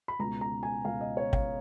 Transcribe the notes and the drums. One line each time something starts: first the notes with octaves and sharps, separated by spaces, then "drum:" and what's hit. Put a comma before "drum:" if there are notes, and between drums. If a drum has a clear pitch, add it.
B5
C#2 B2 A#5
A#5
G#5
C#2 B2 F5
D#5
C#5
F5, drum: kick